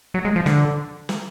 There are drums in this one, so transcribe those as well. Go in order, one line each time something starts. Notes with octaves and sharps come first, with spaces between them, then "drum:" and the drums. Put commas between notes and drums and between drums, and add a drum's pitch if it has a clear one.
F#3
G#3
F3
D3, drum: snare
drum: snare